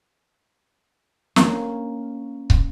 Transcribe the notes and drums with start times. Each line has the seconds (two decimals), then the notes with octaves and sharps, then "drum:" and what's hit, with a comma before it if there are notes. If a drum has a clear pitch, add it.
1.36 A#3 C#4, drum: snare
2.50 drum: kick